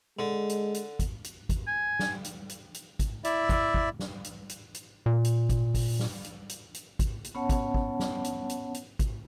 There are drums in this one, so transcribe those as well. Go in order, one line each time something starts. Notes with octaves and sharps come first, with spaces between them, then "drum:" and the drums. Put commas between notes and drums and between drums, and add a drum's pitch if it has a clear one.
D3 G#3
drum: hi-hat
drum: hi-hat
drum: kick, hi-hat
drum: hi-hat
drum: kick, hi-hat
G#5
drum: snare
drum: hi-hat
drum: hi-hat
drum: hi-hat
drum: kick, hi-hat
E4 D5 E5, drum: hi-hat
drum: kick, hi-hat
drum: kick
drum: snare
drum: hi-hat
drum: hi-hat
drum: hi-hat
A#2
drum: hi-hat
drum: kick, hi-hat
drum: kick, open hi-hat
drum: snare
drum: hi-hat
drum: hi-hat
drum: hi-hat
drum: kick, hi-hat
drum: hi-hat
B3 C#4 C#5 F#5 A5
drum: kick, hi-hat
drum: kick
drum: snare
drum: hi-hat
drum: hi-hat
drum: hi-hat
drum: kick, hi-hat